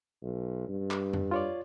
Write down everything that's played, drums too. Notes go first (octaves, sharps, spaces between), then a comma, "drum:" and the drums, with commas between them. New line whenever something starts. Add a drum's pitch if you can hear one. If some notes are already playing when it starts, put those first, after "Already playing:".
B1
G2
drum: clap
drum: tom F2
F4 C#5 D5